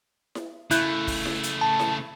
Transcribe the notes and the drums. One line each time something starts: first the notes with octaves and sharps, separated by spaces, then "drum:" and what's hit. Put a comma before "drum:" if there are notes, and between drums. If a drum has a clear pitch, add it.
drum: snare E4
C#3 A3 E4 F#6 G6, drum: hi-hat
drum: kick, open hi-hat
drum: snare E4
drum: hi-hat
A5
drum: snare E4